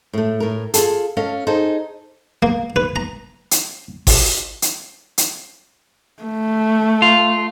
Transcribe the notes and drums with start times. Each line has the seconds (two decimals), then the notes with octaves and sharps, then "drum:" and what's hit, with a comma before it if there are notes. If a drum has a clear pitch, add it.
0.13 A2 A3
0.40 A2 A#4
0.74 F4 G#4 A4, drum: hi-hat
1.17 C#4 A4 D#5 F5
1.47 D#4 G#4 A4 C5
2.43 A#3
2.76 B4
2.96 A#5
3.51 drum: hi-hat
4.07 drum: kick G1, open hi-hat
4.62 drum: hi-hat
5.18 drum: hi-hat
6.23 A3
7.02 F4